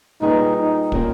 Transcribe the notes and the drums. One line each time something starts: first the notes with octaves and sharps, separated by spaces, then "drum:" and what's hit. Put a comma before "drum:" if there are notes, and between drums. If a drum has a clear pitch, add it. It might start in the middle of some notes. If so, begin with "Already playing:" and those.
A#2 G3 C#4 D#4 G#4 B4
D#4
A#2 A#3 C#4 G4 A#4, drum: kick